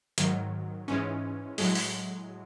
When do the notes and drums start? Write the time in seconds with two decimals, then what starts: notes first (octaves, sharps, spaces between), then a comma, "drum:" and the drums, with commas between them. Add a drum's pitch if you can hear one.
0.18 G#2 D#3 F#3, drum: hi-hat
0.88 G#2 E3 G#3 C#4
1.58 A2 F#3 G#3, drum: open hi-hat
1.75 drum: open hi-hat